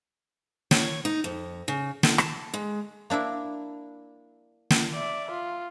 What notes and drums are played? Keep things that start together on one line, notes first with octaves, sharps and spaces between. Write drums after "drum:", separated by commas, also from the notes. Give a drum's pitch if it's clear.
C#5, drum: snare
D#4
F2
C#3
D3, drum: snare
A5, drum: rim click
G#3
A#3 D4 E4 E5
drum: snare
D5 E5
F4